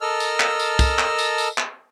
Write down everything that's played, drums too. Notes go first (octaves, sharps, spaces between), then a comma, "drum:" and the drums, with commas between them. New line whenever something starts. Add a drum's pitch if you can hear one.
A4 A#4 D#5 A5 E6 F6
drum: tambourine
drum: clap
drum: tambourine
drum: kick, tambourine
drum: clap
drum: tambourine
drum: tambourine
drum: clap